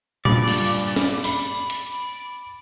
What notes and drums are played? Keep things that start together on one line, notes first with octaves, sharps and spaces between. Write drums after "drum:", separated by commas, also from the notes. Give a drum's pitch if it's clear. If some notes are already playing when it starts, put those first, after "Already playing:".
G2 A#2 D5, drum: tom A#2
drum: cymbal
drum: snare
B5, drum: open hi-hat
drum: hi-hat